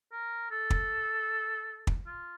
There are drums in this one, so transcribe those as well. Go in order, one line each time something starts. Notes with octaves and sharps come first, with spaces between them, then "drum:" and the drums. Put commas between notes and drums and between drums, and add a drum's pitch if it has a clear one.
A#4
A4
drum: kick
drum: kick
F4